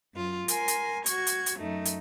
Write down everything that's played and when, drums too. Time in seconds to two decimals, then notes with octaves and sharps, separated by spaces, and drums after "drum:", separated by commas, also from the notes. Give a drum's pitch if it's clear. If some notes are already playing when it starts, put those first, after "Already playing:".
0.14 F#2 F4
0.48 A#4 G#5 C6, drum: hi-hat
0.68 drum: hi-hat
1.06 F#4 C#6 G#6, drum: hi-hat
1.27 drum: hi-hat
1.46 drum: hi-hat
1.59 F#2 A3 D#4
1.85 drum: hi-hat